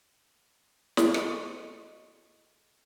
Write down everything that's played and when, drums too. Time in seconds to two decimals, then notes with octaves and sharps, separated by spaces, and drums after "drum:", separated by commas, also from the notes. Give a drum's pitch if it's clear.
0.97 drum: snare
1.14 F#4 G#4 A4 D#5 C6 C#6, drum: rim click